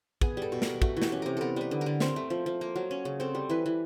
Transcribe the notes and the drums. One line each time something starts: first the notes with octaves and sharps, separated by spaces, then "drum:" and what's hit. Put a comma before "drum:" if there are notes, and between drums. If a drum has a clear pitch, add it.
B3 G#4, drum: kick
G3 A4
B2
A#4, drum: snare
B2
A3 F#4, drum: kick
E3
G4, drum: snare
C#4
C3 A#4
B3 A4 A#4
G3 B4
D3
A#4
D3
C4 A#4, drum: snare
A3
F3
F3
A#3
F#3
C#4
C#3
C4 A4
G3
E3 B4
E3